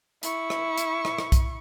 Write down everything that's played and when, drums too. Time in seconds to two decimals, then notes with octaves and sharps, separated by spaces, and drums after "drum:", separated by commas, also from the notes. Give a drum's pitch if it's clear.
0.23 E4 C#6, drum: hi-hat
0.50 drum: rim click
0.78 drum: hi-hat
1.05 drum: rim click
1.18 drum: rim click
1.32 drum: kick B1, hi-hat